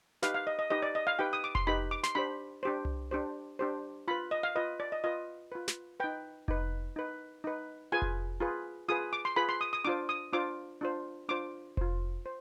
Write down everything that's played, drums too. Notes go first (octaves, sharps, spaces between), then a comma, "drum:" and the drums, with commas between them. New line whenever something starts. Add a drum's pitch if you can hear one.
D#4 G4 B4 F5, drum: snare
F5
D#5
D#5
D#4 G4 B4 D#5
D5
D#5
F5
D#4 G4 B4 G5
D#6
D6
C6, drum: kick F1
D#4 G4 B4 B5
D6
C6, drum: snare
D4 G4 C5 B5
D4 G4 C5
drum: tom C2
D4 G4 C5
D4 G4 C5
F4 B4 B5
D#5
F5
F4 B4 D#5
D5
D#5
F4 B4 D#5
F4 B4
drum: snare
D#4 B4 G5
D#4 B4, drum: kick F1
D#4 B4
D#4 B4
F4 G#4 B4 G#5
drum: kick F1
F4 G#4 B4
F4 G#4 B4 D#6
D6
C6
F4 G#4 B4 B5
C6
D#6
D#6
D4 F4 C5 D6
D#6
D4 F4 C5 D6
D4 F4 C5
D4 F4 C5 D6
F4 C5, drum: kick F1
C5